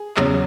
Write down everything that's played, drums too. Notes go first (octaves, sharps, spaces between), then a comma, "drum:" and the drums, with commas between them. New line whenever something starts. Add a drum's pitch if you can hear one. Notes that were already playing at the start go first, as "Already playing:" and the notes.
Already playing: G#4
E2 C#3 F#3 C#4, drum: clap